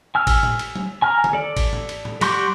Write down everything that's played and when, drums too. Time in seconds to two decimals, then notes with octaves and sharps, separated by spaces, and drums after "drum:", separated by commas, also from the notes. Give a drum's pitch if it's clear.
0.15 G#5 E6 F6
0.27 drum: kick G#1, cymbal
0.43 drum: tom A2
0.59 drum: cymbal
0.76 drum: tom F#3
1.02 G#5 A#5 F6
1.24 drum: tom
1.33 A4 D5
1.57 drum: kick G#1, cymbal
1.73 drum: tom G#2
1.89 drum: cymbal
2.05 drum: tom G#2
2.21 G3 F#4 C6 D6 G6, drum: cymbal